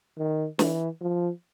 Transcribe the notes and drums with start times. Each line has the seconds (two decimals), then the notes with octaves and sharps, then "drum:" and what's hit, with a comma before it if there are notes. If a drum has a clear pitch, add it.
0.18 D#3
0.59 E3, drum: snare
1.01 F3